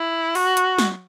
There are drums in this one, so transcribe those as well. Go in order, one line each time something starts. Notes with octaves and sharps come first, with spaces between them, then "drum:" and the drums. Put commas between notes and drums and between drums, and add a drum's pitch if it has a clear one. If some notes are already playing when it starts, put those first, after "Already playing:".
Already playing: E4
F#4, drum: open hi-hat
drum: hi-hat
drum: snare